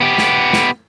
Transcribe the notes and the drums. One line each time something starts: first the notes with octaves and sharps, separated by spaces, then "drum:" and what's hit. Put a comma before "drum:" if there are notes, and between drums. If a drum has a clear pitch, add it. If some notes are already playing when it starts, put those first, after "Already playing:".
B3 G4
drum: snare
drum: snare